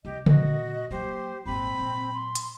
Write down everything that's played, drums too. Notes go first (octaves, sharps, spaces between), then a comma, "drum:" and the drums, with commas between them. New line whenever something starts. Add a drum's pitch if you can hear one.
C2 G4 D#5
A#2 E3 F#4 D#5, drum: tom C#3
F#3 A#3 G4 C5
D#1 G#1 C4 B5
A#2 F#3
C6
drum: hi-hat